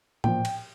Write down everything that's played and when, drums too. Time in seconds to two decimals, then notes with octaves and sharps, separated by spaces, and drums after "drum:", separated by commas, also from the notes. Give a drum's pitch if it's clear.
0.24 A#2 F3 G5, drum: tom A2
0.45 drum: cymbal